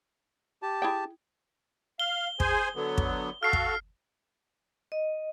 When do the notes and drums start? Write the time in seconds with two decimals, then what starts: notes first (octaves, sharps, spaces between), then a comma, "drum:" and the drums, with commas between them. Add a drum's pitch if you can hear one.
0.62 G4 A5
0.82 E4 G#4 G5
2.00 F5 G7
2.40 G#4 C5 G#5, drum: kick
2.76 D3 F#3 B3
2.98 drum: kick
3.43 F#4 A4 F5 F6 C7
3.53 drum: kick
4.92 D#5